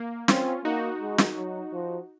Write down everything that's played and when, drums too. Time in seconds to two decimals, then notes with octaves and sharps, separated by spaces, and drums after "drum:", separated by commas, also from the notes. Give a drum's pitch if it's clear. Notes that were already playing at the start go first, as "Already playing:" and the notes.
Already playing: A#3
0.28 C4 C#4 F4, drum: snare
0.64 A#3 D#4 F#4
1.01 G#3
1.18 drum: snare
1.36 F#3
1.73 F3